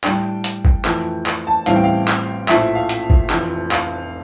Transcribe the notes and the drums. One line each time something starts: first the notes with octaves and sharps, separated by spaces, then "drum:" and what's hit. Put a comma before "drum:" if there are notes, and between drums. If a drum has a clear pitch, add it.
A2 G3 D4 G5, drum: clap
drum: hi-hat
drum: kick G1
F2 E3 A3, drum: clap
drum: clap
A5
A1 A2 G3 C4 E4 F5, drum: hi-hat
G5
F5
drum: clap
A#1 A2 F3 A3 E5, drum: clap
F5
drum: hi-hat
drum: kick G1
F1 F2 E3, drum: clap
F5, drum: clap